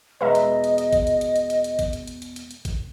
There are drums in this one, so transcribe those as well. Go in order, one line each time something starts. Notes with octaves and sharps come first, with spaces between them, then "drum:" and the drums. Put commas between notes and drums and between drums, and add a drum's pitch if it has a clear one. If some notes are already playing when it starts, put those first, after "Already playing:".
E2 B2 G#3 B4 D#5 E5 A#5
drum: hi-hat
drum: hi-hat
drum: hi-hat
drum: kick, hi-hat
drum: hi-hat
drum: hi-hat
drum: hi-hat
drum: hi-hat
drum: hi-hat
drum: kick, hi-hat
drum: hi-hat
drum: hi-hat
drum: hi-hat
drum: hi-hat
drum: hi-hat
drum: kick, hi-hat